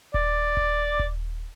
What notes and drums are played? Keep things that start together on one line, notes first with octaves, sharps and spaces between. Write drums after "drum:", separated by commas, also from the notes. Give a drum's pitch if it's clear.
D5, drum: kick D#1
drum: kick D#1
drum: kick D#1